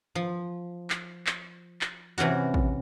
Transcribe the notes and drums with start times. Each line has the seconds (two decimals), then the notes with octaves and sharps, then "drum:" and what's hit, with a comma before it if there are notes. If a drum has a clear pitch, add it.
0.15 F3
0.90 drum: clap
1.26 drum: clap
1.81 drum: clap
2.18 C3 E3 C#4 F#4
2.54 drum: kick A1